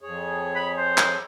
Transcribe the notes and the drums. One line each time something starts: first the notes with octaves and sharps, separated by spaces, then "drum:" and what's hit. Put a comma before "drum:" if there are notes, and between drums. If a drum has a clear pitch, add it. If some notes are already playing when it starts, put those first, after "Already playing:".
F2 G#4 C#5
B5
C5
drum: clap